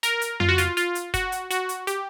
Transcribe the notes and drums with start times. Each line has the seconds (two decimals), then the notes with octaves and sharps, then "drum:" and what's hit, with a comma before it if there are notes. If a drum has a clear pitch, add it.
0.03 A#4, drum: hi-hat
0.21 drum: hi-hat
0.40 F4, drum: tom F2
0.48 F#4
0.58 F4, drum: hi-hat
0.77 F4, drum: hi-hat
0.95 drum: hi-hat
1.14 F#4, drum: kick, hi-hat
1.32 drum: hi-hat
1.50 F#4, drum: hi-hat
1.69 drum: hi-hat
1.87 G4, drum: hi-hat